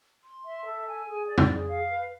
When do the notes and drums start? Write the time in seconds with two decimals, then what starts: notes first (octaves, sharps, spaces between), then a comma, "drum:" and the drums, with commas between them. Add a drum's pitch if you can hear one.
0.25 C6
0.46 E5
0.66 A4
0.87 G#5
1.06 G#4
1.27 D5
1.38 drum: tom
1.48 G#4
1.68 F5
1.89 B4